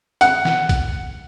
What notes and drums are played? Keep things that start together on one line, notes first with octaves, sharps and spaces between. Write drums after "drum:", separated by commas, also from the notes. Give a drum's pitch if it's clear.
F#5, drum: hi-hat
drum: snare
drum: kick A#1, hi-hat